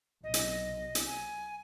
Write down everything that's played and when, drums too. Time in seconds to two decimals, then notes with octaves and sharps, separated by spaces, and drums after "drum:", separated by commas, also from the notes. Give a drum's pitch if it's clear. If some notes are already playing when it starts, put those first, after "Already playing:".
0.24 B1 D#5
0.34 drum: hi-hat
0.95 drum: hi-hat
1.06 G#5